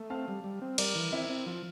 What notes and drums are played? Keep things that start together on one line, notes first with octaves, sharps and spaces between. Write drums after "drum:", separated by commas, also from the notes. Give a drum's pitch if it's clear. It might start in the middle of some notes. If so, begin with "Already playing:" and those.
Already playing: A3
C4 F5 A5
G3
G3
C4
G3 A#4 D5, drum: cymbal
E3
C4 E4
C4
F3 F4